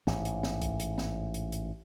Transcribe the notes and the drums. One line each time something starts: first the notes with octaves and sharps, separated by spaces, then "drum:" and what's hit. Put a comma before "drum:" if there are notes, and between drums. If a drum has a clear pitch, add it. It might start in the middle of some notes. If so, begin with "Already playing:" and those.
A1 G#2, drum: snare
drum: hi-hat
drum: snare
drum: kick C2, hi-hat
drum: hi-hat
drum: snare
drum: hi-hat
drum: hi-hat